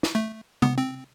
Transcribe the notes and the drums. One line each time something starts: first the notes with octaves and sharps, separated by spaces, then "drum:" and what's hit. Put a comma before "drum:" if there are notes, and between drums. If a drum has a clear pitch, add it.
drum: snare
A3
B3, drum: tom C3
C4